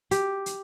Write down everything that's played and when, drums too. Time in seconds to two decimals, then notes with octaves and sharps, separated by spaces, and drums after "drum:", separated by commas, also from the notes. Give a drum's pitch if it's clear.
0.11 G4, drum: hi-hat
0.46 drum: hi-hat